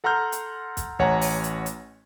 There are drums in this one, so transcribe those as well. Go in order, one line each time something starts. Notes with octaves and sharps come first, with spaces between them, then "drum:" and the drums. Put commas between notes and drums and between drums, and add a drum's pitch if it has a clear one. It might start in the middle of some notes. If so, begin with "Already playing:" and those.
A4 F#5 A#5 C6 F6 G6
drum: hi-hat
drum: kick, hi-hat
A1 C#5 F#5 G#5 A#5, drum: kick
drum: open hi-hat
drum: hi-hat
drum: hi-hat